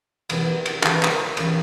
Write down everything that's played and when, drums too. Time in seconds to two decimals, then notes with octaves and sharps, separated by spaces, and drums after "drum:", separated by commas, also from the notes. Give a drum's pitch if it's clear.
0.30 E2 C3 E3 G3 B3, drum: cymbal
0.66 drum: cymbal
0.83 E2 C#3 E3 G3 A4 B4, drum: clap
1.03 C#5, drum: clap
1.10 A#4 C5
1.37 E2 C#3 E3 G3 B4 C#5, drum: cymbal